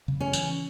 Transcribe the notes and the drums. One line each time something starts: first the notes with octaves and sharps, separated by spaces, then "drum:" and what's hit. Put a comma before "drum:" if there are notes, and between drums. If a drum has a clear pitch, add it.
C#3
C#4
E3, drum: tambourine